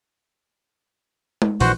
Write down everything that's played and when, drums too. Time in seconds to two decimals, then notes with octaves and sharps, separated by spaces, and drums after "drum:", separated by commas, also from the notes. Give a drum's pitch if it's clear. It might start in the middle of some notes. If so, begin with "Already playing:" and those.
1.42 drum: tom G#3
1.60 A#1 A#2 E3 F#4 C5 F#5, drum: open hi-hat